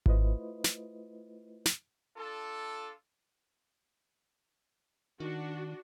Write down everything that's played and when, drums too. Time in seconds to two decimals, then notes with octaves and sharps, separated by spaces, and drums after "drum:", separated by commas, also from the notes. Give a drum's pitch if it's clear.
0.06 A3 E4 F4 B4 C5 D#5, drum: kick G#1
0.64 drum: snare
1.66 drum: snare
2.15 D4 F4 A4
5.20 D#3 D4 F#4